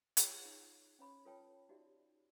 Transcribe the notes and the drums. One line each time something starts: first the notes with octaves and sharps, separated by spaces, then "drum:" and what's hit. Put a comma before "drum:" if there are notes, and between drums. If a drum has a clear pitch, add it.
F4 G#4 B4 C#5 G5, drum: hi-hat
D#4
C#4 C#5 B5 C#6
F4 A4 B4 C#5 G5 A5
D#4 F#4 G4 D5 E5